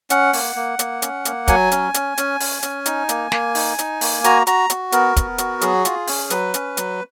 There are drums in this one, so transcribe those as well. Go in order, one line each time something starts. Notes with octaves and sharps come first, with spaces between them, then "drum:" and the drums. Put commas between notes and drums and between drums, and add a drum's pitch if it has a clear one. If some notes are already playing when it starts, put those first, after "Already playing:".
C#4 F#5, drum: hi-hat
A#3, drum: open hi-hat
A#3
A#3, drum: hi-hat
C#4, drum: hi-hat
A#3, drum: hi-hat
F#3 G#5, drum: kick, hi-hat
C#4, drum: hi-hat
C#4, drum: hi-hat
C#4, drum: hi-hat
C#4, drum: open hi-hat
C#4, drum: hi-hat
D#4, drum: hi-hat
A#3, drum: hi-hat
A#3, drum: snare
D#4, drum: open hi-hat
D#4, drum: hi-hat
A#3, drum: open hi-hat
F#4 A#5, drum: hi-hat
F#4 A#5, drum: hi-hat
F#4, drum: hi-hat
B3 A#4, drum: hi-hat
B3, drum: kick, hi-hat
F#4, drum: hi-hat
F#3 G#4, drum: hi-hat
F4, drum: hi-hat
C#4, drum: open hi-hat
F#3 B4, drum: hi-hat
C#4, drum: hi-hat
F#3, drum: hi-hat